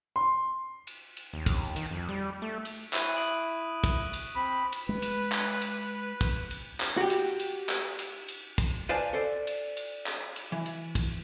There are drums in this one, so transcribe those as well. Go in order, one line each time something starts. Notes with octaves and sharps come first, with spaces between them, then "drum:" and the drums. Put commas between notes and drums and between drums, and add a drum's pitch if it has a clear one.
C6
drum: cymbal
drum: cymbal
D#2
drum: kick, cymbal
D#3, drum: cymbal
F2
G3
A3
drum: cymbal
E4 C#6 F#6 D#7, drum: clap
D#6 D7 F#7
drum: kick, cymbal
drum: cymbal
C4 B5
drum: cymbal
G#3 B4
drum: cymbal
drum: clap
drum: cymbal
drum: kick, cymbal
drum: cymbal
drum: clap
F#4 G4
drum: cymbal
drum: cymbal
drum: clap
drum: cymbal
drum: cymbal
drum: kick, cymbal
B4 C5 D5 F5 G#5 A5, drum: cymbal
A4 C5 D5
drum: cymbal
drum: cymbal
drum: clap
drum: cymbal
E3
drum: cymbal
drum: kick, cymbal